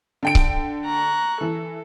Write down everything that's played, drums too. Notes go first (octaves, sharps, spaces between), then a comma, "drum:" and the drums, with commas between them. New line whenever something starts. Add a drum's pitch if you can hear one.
D3 G5 D7
drum: kick C#1
A#5 C#6 F#6
E3 A4